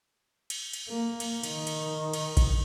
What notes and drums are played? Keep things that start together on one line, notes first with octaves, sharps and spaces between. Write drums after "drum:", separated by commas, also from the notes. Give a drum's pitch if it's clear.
drum: cymbal
drum: cymbal
A#3
drum: cymbal
D#3, drum: cymbal
drum: cymbal
drum: cymbal
drum: kick A#1, cymbal